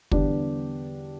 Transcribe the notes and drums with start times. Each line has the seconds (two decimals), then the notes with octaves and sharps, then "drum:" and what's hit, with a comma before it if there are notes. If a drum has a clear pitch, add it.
0.11 E2 D3 G3 B3 D4 G4, drum: kick